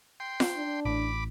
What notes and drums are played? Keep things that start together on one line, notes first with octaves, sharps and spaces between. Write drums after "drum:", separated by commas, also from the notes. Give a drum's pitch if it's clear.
G5 C6
drum: snare F4
D4
A1 B5 D6